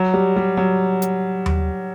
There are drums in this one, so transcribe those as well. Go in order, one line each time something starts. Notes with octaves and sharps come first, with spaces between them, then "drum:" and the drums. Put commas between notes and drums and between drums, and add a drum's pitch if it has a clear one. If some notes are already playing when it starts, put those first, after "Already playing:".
Already playing: F#3
G3
G3
F#3
drum: hi-hat
drum: tom D#2